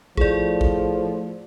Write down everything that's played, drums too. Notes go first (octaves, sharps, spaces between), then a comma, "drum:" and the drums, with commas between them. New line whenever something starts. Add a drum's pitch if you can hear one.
A2 F3 G#4 D5, drum: kick A1
drum: kick A1